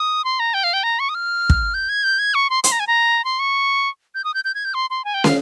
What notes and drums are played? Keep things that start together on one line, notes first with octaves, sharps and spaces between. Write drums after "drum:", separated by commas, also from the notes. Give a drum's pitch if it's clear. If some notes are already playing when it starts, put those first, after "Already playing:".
Already playing: D#6
C6
A#5
G5
F5
G5
A#5
C#6
D#6
F6
drum: kick
G6
G#6
G6
G#6
C#6
C6
C6, drum: hi-hat
A#5
G#5
A#5
C6
C#6
G6
D#6
G6
G6
G#6
G6
C6
C6
G#5
G5
F5, drum: snare